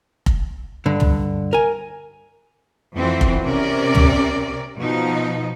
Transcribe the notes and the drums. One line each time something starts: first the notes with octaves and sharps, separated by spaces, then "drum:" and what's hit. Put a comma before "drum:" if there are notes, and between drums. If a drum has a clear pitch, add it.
drum: kick F1
G2 D3
drum: tom
A#4 G#5
F2 E3 C4 F#4
drum: kick F1
C3 C4 C#4 A#4 D5
drum: tom
B2 F3 D#4